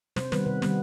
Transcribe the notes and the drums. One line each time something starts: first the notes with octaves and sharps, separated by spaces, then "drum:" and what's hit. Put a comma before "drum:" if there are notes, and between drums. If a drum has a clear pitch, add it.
C3 C5, drum: snare
D#3 G3 B3 B4, drum: snare
C3 B4
D#3 G3 B3, drum: snare